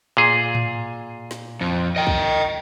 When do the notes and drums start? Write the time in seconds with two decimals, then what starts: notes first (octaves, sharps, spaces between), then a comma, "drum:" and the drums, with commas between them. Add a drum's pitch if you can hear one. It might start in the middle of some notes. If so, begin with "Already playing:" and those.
0.17 A#2 G#4
0.55 drum: tom A2
1.31 drum: snare
1.61 F2
1.96 D#5 G5
2.07 drum: kick